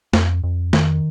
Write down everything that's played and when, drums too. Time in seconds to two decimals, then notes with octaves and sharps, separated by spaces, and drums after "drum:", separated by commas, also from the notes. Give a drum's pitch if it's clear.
0.13 F2, drum: snare
0.44 F2
0.73 D#3, drum: snare